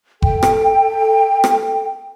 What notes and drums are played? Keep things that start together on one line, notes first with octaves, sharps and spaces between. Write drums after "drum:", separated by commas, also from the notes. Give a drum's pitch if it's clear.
A4 G5, drum: kick F#1
drum: rim click
drum: rim click